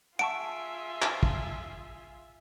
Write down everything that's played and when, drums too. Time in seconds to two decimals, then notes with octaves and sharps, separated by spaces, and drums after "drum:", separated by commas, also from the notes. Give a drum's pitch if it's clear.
0.19 F4 G#4 E5 F#5 A5 C#6 D7
1.02 drum: clap
1.23 drum: kick